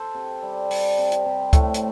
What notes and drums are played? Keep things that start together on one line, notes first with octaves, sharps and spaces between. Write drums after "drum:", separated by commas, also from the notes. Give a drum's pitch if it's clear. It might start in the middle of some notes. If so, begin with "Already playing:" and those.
Already playing: A4 C5
C3
G3
G3, drum: open hi-hat
C3
drum: hi-hat
C3
A2 A3, drum: kick C#2, hi-hat
drum: hi-hat